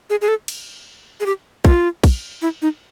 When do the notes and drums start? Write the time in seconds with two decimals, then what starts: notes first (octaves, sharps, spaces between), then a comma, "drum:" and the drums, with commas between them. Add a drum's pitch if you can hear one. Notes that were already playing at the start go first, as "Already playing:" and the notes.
0.10 G#4
0.21 G#4
0.28 A4
0.48 drum: cymbal
1.20 G#4
1.26 G4
1.65 F4, drum: kick
2.03 drum: kick, cymbal
2.42 E4
2.62 D#4